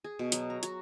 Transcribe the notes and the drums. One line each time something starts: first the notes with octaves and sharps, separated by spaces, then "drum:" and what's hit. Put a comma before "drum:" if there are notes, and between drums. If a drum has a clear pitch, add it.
G#4
B2
F#3, drum: hi-hat
A#5
F#4, drum: hi-hat